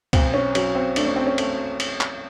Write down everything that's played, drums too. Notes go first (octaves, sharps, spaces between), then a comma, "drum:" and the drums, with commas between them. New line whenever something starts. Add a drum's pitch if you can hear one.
B1 C4, drum: kick, cymbal
C#4
F#3 C#4, drum: cymbal
C4
A3 D4, drum: cymbal
C#4
C4
C#4
A3, drum: cymbal
drum: cymbal
drum: clap